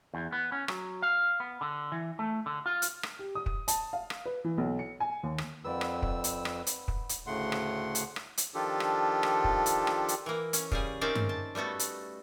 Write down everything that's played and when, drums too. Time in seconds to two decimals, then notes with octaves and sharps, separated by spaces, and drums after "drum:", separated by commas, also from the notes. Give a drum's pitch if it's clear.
0.14 E2
0.32 B3
0.52 C#4
0.68 F#3, drum: rim click
1.02 F5
1.40 B3
1.61 D3
1.92 E3
2.19 A3
2.46 D3
2.66 F4
2.82 drum: hi-hat
3.03 drum: rim click
3.19 G4
3.35 D#6
3.46 drum: kick
3.68 A5, drum: hi-hat
3.93 F5
4.10 drum: rim click
4.26 B4
4.44 E3
4.58 B1
4.79 C#7
5.00 G#5
5.23 D#2
5.38 drum: rim click
5.64 F2 B4 D5 F#5 E6
5.81 drum: rim click
6.02 drum: kick
6.24 drum: hi-hat
6.45 drum: rim click
6.67 drum: hi-hat
6.88 drum: kick
7.09 drum: hi-hat
7.27 D2 A2 C#3 A3 F#5 C6
7.52 drum: rim click
7.95 drum: hi-hat
8.16 drum: rim click
8.38 drum: hi-hat
8.54 D#3 F3 D4 F4 G4 A4
8.80 drum: rim click
9.23 drum: rim click
9.44 drum: kick
9.66 drum: hi-hat
9.87 drum: rim click
10.08 drum: hi-hat
10.26 E3 A#3
10.53 C#4, drum: hi-hat
10.72 C#3 G3 G#4, drum: kick
11.01 A#3 C4 C#4 D#4 D5 E5
11.15 drum: tom G2
11.29 A5
11.55 G3 A3 B3 F#4 A4
11.79 drum: hi-hat